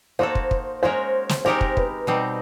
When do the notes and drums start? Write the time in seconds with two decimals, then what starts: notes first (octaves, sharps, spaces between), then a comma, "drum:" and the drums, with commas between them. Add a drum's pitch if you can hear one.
0.19 A#3 D#4 F#4 A4 C5
0.35 drum: kick
0.51 drum: kick
0.83 G#3 C#4 F#4 A#4 C5 C#5
1.29 drum: snare
1.45 G#3 C4 D#4 G4 A#4 C5
1.61 drum: kick
1.77 B4, drum: kick
2.07 B2 G3 C4 D#4